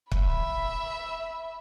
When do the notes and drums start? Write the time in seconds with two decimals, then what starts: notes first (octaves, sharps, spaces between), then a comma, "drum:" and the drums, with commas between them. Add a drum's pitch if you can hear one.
0.11 E5 B5, drum: kick